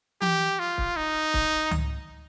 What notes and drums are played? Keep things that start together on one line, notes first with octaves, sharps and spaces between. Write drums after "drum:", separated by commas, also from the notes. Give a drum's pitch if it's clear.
G4, drum: tom E3
F4
drum: kick
D#4
drum: kick
drum: tom C#2